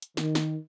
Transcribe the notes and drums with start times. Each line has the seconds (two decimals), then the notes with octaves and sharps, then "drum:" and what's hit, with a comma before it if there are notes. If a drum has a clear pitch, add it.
0.02 drum: hi-hat
0.17 D#3, drum: snare
0.35 drum: snare